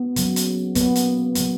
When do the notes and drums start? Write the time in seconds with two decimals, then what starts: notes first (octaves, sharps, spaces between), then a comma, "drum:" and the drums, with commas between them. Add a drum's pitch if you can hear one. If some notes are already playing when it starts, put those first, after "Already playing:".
Already playing: B3
0.16 C#3 F#3 A#3, drum: hi-hat
0.36 drum: hi-hat
0.75 C#3 F#3 A#3 B3, drum: hi-hat
0.96 drum: hi-hat
1.35 C#3 F#3 A#3, drum: hi-hat